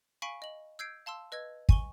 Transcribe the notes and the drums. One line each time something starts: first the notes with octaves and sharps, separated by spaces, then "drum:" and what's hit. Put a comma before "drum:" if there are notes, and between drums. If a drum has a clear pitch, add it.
F5 G#5 B5 C#6 B6 D7
D#5 F#7
E6 G6 G#6 C7 D7
F5 A5 C6 E6
B4 D#5 E6 G#6
G#5 C#6 G7, drum: kick